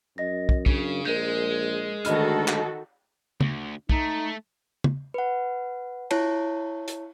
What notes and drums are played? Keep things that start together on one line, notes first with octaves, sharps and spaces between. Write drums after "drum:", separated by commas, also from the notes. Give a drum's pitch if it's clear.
F#2 D#5 A#6
drum: kick
C#3 D4, drum: kick
A#1 G#3 A#4 G6
D2 D#3 F#4 A4 D#5 B5 F6, drum: hi-hat
drum: clap
D2, drum: tom
A3 D#4, drum: kick
drum: tom
B4 F#5
E4 C#5 A5, drum: cymbal
drum: hi-hat